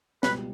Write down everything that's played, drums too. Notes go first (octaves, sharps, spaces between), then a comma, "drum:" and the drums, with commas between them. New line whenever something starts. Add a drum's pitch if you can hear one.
C#2 B2 G3 B3 B4, drum: snare